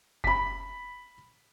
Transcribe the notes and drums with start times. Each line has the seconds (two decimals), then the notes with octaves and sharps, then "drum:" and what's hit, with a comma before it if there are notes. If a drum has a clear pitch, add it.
0.24 B5 B6, drum: kick F#1